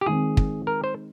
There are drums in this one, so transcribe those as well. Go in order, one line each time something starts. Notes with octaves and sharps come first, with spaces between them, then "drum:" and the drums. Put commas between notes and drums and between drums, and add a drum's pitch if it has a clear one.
G4
D#3 G#3 C4 G#4
drum: kick
A#4
C5